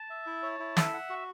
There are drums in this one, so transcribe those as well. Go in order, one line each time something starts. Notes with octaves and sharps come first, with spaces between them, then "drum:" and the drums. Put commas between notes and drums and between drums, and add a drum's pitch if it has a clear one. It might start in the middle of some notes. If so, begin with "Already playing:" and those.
Already playing: A5
E5
E4
C#5
E4
A4 E5, drum: snare
F#5
F#4